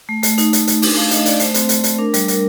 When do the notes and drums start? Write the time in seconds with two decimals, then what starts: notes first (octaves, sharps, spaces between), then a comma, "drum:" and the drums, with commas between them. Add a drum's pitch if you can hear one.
0.09 A3
0.23 A3, drum: hi-hat
0.38 D#4, drum: hi-hat
0.53 D#4, drum: hi-hat
0.67 D#4, drum: hi-hat
0.82 D4, drum: open hi-hat
0.97 A3 F5
1.11 A3 D#5, drum: hi-hat
1.26 A3 D5, drum: hi-hat
1.40 A3 C5, drum: hi-hat
1.54 C4, drum: hi-hat
1.69 A3, drum: hi-hat
1.84 A3, drum: hi-hat
1.98 D4 A#4
2.14 G3, drum: hi-hat
2.28 G3 A#4, drum: hi-hat